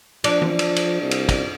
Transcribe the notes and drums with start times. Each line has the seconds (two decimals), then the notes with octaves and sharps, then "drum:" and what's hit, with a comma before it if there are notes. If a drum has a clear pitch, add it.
0.24 F3 D4, drum: cymbal
0.42 drum: tom
0.59 drum: cymbal
0.76 drum: cymbal
1.02 C2
1.11 drum: cymbal
1.29 drum: kick, cymbal